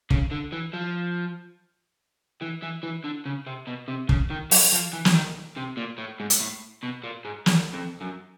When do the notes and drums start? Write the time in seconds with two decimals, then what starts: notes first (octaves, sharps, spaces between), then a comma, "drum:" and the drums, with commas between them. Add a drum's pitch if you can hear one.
0.10 C#3, drum: kick
0.31 D3
0.52 E3
0.73 F3
2.41 E3
2.62 E3
2.83 E3
3.04 D3
3.26 C#3
3.46 C3
3.67 B2
3.88 C3
4.09 C#3, drum: kick
4.30 D#3
4.51 F#3, drum: open hi-hat
4.72 F3
4.93 E3
5.05 drum: snare
5.14 D#3
5.57 C3
5.77 A#2
5.98 A2
6.20 G#2
6.30 drum: hi-hat
6.40 A2
6.83 B2
7.03 A#2
7.25 G#2
7.46 E2, drum: snare
7.73 F2
8.01 F#2